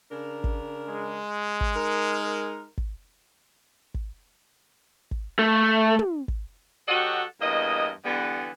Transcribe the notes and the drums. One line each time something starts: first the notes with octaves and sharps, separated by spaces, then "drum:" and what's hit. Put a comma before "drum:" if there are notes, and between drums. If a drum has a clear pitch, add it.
C#3 D4 A#4
drum: kick
G#3
drum: kick
D#4 A#4
drum: kick
drum: kick
drum: kick
A3
drum: tom
drum: kick
F#3 F#4 G4 A4 D#5 F#5
E2 G2 A#3 D#5
D3 E3 G3 B3